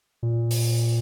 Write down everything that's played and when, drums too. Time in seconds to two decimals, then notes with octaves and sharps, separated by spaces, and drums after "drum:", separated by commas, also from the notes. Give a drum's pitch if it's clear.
0.23 A#2
0.51 drum: open hi-hat